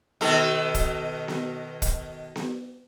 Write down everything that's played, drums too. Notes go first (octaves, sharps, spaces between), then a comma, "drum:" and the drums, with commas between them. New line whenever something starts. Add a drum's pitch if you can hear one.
B2 D#3 A4, drum: snare B3
drum: kick, hi-hat
drum: snare B3
drum: kick, hi-hat
drum: snare B3